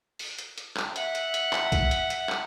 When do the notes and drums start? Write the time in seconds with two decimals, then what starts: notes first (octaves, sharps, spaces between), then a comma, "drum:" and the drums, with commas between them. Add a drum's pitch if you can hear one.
0.19 drum: open hi-hat
0.38 drum: hi-hat
0.58 drum: hi-hat
0.77 drum: clap
0.96 E5 F#5, drum: hi-hat
1.15 drum: hi-hat
1.34 drum: hi-hat
1.53 drum: clap
1.72 drum: kick, hi-hat
1.91 drum: hi-hat
2.10 drum: hi-hat
2.29 drum: clap